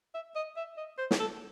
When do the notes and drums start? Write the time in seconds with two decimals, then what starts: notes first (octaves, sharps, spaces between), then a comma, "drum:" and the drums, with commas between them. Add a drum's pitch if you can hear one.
0.14 E5
0.36 D#5
0.57 E5
0.77 D#5
0.98 C5
1.11 drum: snare
1.20 A4